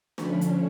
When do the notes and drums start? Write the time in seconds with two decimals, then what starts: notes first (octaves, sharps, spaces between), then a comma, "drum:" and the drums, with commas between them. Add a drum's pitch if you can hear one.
0.18 D3 F3 A3 C#4 B5, drum: snare
0.41 drum: hi-hat